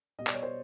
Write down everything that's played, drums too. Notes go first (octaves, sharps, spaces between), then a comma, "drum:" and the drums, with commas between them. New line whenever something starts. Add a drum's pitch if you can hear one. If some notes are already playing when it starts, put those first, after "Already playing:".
B2 G3 D#5
D5, drum: clap
C#5
C5